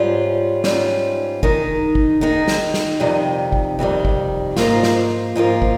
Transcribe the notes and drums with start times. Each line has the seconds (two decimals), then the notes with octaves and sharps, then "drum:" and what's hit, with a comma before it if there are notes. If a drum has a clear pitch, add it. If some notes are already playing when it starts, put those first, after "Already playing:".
Already playing: G#2 G3 C#4 F4
0.64 G#2 G3 C#4 F4, drum: snare
1.43 D#3 G#3 D#4, drum: kick
1.95 drum: kick
2.21 D#3 G#3 D#4
2.48 drum: snare
2.74 drum: snare
3.00 F2 C3 D#3 G3
3.52 drum: kick
3.79 F2 C3 D#3 G3
4.05 drum: kick
4.56 G#2 F3 A#3 F4, drum: snare
4.83 drum: snare
5.36 G#2 F3 A#3 F4
5.62 drum: kick